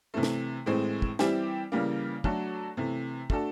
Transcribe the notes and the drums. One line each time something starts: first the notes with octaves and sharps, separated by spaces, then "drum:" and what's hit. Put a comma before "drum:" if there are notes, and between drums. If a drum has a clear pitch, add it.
C3 E3 A3
drum: snare
A2 E3 G#3 C4
drum: kick
E3 G3 C4 E4 G4, drum: snare
C#3 E3 G3 A#3
F#3 A3 D4 F#4 A4, drum: kick
C3 E3 A3
A3 D4 F#4 A4, drum: kick